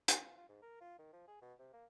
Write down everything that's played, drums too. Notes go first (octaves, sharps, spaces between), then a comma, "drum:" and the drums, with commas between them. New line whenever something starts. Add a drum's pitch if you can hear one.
A#2, drum: hi-hat
F4
F4
G#2
A#4
F4
D#3
F3
G#4
B2
C3
A#3